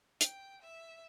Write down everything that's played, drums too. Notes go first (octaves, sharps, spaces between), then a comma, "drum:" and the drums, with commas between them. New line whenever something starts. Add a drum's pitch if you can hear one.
G5, drum: hi-hat
E5